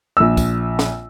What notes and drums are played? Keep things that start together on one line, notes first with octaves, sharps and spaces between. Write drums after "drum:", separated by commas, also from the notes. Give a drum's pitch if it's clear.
A#1 E6
drum: kick, tambourine
drum: snare